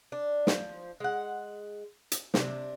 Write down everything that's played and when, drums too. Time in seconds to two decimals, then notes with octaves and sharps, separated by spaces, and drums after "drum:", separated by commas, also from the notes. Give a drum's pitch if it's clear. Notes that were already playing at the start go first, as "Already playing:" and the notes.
0.12 D4
0.47 F3, drum: snare
1.00 G#3 F#5
2.12 drum: hi-hat
2.34 C3 D4, drum: snare